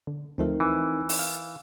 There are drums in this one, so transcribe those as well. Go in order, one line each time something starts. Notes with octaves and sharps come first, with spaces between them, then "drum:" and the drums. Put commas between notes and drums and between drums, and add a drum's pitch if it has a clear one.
D3
D2 F3 A3 C4 D#4 A#4
E3
drum: open hi-hat
F5 F6